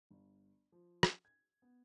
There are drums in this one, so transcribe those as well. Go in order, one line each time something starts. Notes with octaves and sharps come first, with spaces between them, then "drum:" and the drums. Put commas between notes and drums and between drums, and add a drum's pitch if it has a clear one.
G1
F3
drum: rim click
G#6
B3